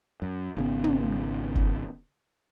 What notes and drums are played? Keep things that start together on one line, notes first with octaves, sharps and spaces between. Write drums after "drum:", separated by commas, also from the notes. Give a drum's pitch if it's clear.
F#2
G#1 C#3 B3
drum: tom
drum: kick F#1